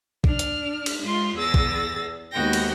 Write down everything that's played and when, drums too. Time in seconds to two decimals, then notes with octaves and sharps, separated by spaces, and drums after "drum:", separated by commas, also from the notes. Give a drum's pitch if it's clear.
0.24 D4 F6, drum: kick
0.39 drum: hi-hat
0.86 drum: cymbal
1.01 G#3 F4 C6
1.35 E2 G#4 E6 A6 A#6
1.54 drum: kick
2.32 D#2 G#3 B3 F#4 G5 A#6
2.53 drum: cymbal